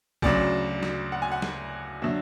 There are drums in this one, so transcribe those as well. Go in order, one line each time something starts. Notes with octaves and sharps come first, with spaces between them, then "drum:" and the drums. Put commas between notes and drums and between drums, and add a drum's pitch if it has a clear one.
D2 C#3 F#3 D5, drum: kick
drum: snare
F#5
G#5
F#5
drum: snare
D3 F#3 E5